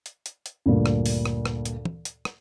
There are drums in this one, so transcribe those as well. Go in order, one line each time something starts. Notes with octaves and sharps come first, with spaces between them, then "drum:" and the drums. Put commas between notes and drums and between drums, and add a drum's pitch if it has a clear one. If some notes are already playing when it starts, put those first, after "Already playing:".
drum: hi-hat
drum: hi-hat
drum: hi-hat
D2 G2 A#2
drum: rim click
drum: open hi-hat
drum: rim click
drum: rim click
drum: hi-hat
drum: tom
drum: hi-hat
drum: rim click